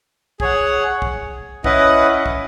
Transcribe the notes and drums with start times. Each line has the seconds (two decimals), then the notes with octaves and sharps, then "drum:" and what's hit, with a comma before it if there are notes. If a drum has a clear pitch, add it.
0.40 G#4 C#5 F#5, drum: kick
1.02 drum: kick
1.64 C#4 E4 B4 D#5 F#5, drum: kick
2.26 drum: kick